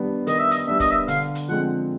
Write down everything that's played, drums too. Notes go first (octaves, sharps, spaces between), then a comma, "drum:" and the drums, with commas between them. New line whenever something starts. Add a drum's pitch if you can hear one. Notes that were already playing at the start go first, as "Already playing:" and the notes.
Already playing: D#3 G3 B3 D4
D#3 D#5, drum: hi-hat
E5
D#5, drum: hi-hat
G3 B3 D4 E5
D#5, drum: kick, hi-hat
E5
D3 F5, drum: hi-hat
drum: hi-hat
F3 G#3 C4 F#5